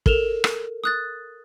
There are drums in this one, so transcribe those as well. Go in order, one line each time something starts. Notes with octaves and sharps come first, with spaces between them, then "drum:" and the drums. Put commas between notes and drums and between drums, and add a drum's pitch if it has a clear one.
A4 A#4 E7 F7, drum: kick
drum: rim click
D#6 F#6 A6